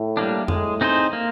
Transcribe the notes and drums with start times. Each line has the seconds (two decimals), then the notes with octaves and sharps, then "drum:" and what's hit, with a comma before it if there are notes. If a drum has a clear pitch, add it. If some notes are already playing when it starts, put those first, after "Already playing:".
Already playing: A2
0.17 G3 A#3 D4
0.48 A2 G#3, drum: tom F2
0.81 C4 D#4 G#4 C5
1.13 A#3